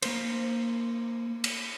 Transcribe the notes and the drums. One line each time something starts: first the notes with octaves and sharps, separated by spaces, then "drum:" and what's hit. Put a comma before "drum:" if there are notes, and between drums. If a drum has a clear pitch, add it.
A#3 A#4 C5, drum: cymbal
drum: cymbal